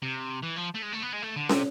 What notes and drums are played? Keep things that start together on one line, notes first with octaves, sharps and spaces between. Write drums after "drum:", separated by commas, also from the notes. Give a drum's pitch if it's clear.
C3
E3
F3
A3
G#3
A3
B3
G#3
A3
D3
C3, drum: snare